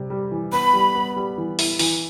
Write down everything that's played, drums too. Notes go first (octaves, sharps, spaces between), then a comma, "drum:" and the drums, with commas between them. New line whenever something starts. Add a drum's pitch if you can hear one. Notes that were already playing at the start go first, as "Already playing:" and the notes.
Already playing: C3 G3
G3
E3
B3 B5
G3
B3
G3
E3
E4, drum: open hi-hat
E3, drum: open hi-hat